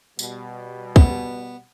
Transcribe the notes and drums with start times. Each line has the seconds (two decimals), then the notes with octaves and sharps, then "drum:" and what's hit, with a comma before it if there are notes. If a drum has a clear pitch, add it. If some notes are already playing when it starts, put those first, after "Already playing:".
0.19 B2 G3, drum: tambourine
0.96 B3, drum: kick